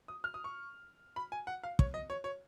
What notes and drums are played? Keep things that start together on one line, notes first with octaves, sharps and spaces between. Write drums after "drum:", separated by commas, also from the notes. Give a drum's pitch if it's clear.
D#6
F6
D#6
C#6
B5
G#5
F#5
F5
C#5, drum: kick
D#5
C#5
C#5